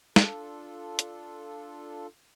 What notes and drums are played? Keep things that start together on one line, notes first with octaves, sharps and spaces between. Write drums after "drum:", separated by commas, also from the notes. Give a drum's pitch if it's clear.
D4 F4 A4, drum: snare
drum: hi-hat